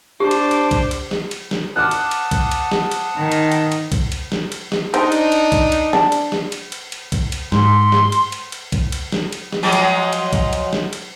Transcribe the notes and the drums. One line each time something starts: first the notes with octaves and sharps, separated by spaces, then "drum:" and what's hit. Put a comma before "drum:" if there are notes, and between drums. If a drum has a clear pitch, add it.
D4 G4 C5 D5 D6
drum: cymbal
drum: cymbal
drum: kick B1, cymbal
drum: cymbal
drum: snare
drum: cymbal
drum: snare
F#5 A5 D6 D#6 F6 F#6
drum: cymbal
drum: cymbal
drum: kick B1, cymbal
drum: cymbal
drum: snare
drum: cymbal
D#3
drum: cymbal
drum: cymbal
drum: cymbal
drum: kick B1, cymbal
drum: cymbal
drum: snare
drum: cymbal
drum: snare
D4 D#4 C5, drum: cymbal
drum: cymbal
drum: cymbal
drum: kick B1, cymbal
drum: cymbal
D4, drum: snare
drum: cymbal
drum: snare
drum: cymbal
drum: cymbal
drum: cymbal
drum: kick B1, cymbal
drum: cymbal
G#2 C6, drum: snare
drum: snare
drum: cymbal
drum: cymbal
drum: cymbal
drum: kick B1, cymbal
drum: cymbal
drum: snare
drum: cymbal
drum: snare
F3 F#3 G#3
drum: cymbal
drum: cymbal
drum: kick B1, cymbal
drum: cymbal
drum: snare
drum: cymbal